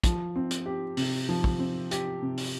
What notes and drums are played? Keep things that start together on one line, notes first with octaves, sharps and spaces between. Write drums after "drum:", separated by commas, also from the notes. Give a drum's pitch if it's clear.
F3, drum: kick, hi-hat
C4
drum: hi-hat
G4
C3, drum: open hi-hat
F3
drum: kick
C4
G4, drum: hi-hat
C3
drum: open hi-hat